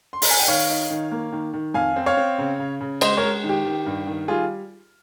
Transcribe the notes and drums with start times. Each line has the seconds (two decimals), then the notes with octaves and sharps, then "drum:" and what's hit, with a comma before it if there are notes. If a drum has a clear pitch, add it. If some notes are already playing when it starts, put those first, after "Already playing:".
0.13 C6
0.22 A#5, drum: open hi-hat
0.30 G#5
0.39 G5
0.48 D#3 C#5 F5
0.70 D#4
0.90 D#3
1.11 A#3
1.32 D#3
1.53 D#3
1.74 F2 F5 G#5
1.96 C4
2.06 C#5 F5
2.17 C4
2.38 C#3
2.59 C#3
2.81 C#3
3.01 G#3 C5 D#5, drum: cymbal
3.17 A#4 C#5
3.22 G#3
3.44 D#3
3.49 G4
3.65 D#3
3.86 G2
4.07 D#3
4.28 G3 F4 G#4